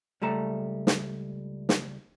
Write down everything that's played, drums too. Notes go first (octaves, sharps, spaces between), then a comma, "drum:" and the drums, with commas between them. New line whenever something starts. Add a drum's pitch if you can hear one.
C#2 G3 A3 A5 A#5
drum: snare
drum: snare